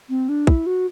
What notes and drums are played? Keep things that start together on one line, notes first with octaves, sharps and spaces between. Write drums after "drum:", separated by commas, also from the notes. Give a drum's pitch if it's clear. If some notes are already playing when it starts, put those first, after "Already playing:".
C4
D4
E4, drum: kick
F#4